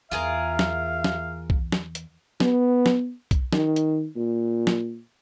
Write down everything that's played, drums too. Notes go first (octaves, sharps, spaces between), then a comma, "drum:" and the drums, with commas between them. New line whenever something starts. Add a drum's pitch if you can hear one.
E2 F4 G#4 A#4 E5 F5
drum: snare
drum: snare
drum: kick B1
drum: snare
drum: hi-hat
B3, drum: snare
drum: snare
drum: kick B1, hi-hat
D#3, drum: snare
drum: hi-hat
A#2
drum: snare